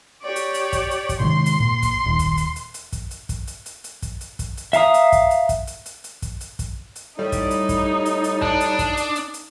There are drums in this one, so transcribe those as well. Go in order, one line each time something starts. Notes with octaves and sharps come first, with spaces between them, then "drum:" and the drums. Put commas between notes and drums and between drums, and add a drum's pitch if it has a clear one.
G4 C#5 D5
drum: hi-hat
drum: hi-hat
drum: kick, hi-hat
drum: hi-hat
drum: kick, hi-hat
C3 D#3 G#3 C6
drum: hi-hat
A#2
drum: kick, hi-hat
D#1
drum: kick, hi-hat
drum: hi-hat
drum: hi-hat
drum: hi-hat
drum: kick, hi-hat
drum: hi-hat
drum: kick, hi-hat
drum: hi-hat
drum: hi-hat
drum: hi-hat
drum: kick, hi-hat
drum: hi-hat
drum: kick, hi-hat
drum: hi-hat
E5 F5 A#5 D#6, drum: hi-hat
drum: hi-hat
drum: kick, hi-hat
drum: hi-hat
drum: kick, hi-hat
drum: hi-hat
drum: hi-hat
drum: hi-hat
drum: kick, hi-hat
drum: hi-hat
drum: kick, hi-hat
drum: hi-hat
A2 G3 D#4
drum: kick, hi-hat
drum: hi-hat
drum: kick, hi-hat
drum: hi-hat
drum: hi-hat
D4, drum: kick
drum: hi-hat
drum: kick, hi-hat
drum: hi-hat
drum: hi-hat
drum: hi-hat